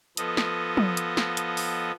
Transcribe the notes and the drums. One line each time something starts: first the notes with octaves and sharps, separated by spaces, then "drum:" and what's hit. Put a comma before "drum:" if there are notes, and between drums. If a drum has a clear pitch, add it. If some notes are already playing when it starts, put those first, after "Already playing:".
F3 B3 A4 D#5, drum: hi-hat
drum: snare
drum: tom
drum: hi-hat
drum: snare
drum: hi-hat
drum: open hi-hat